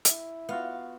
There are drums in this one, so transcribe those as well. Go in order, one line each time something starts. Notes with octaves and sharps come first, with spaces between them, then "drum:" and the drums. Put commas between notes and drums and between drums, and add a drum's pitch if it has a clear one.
E4, drum: hi-hat
B3 F4 F#4 F5